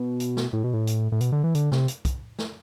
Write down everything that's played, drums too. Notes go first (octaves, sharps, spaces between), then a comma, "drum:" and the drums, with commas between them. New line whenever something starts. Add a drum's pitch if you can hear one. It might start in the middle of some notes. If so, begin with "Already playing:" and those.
Already playing: B2
drum: hi-hat
drum: snare
A2
B2
A2
drum: hi-hat
A2
B2, drum: hi-hat
D3
E3
D3, drum: hi-hat
C3, drum: snare
drum: hi-hat
drum: kick, hi-hat
drum: snare